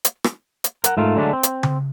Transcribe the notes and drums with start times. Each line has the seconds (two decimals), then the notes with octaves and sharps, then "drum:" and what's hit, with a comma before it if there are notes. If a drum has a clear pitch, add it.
0.05 drum: hi-hat
0.24 drum: rim click
0.64 drum: hi-hat
0.84 A#4 F#5, drum: hi-hat
0.97 G#2 A3 F4 A#4
1.16 D3 F#3 G#3 A3 D4
1.33 C4
1.43 drum: hi-hat
1.63 drum: tom C#3